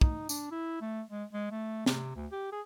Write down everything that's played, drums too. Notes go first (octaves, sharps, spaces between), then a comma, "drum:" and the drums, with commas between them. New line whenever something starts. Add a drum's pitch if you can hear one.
D#4, drum: kick
D4, drum: tambourine
E4
A3
G#3
G#3
A3
C3, drum: snare
D2
G4
G#4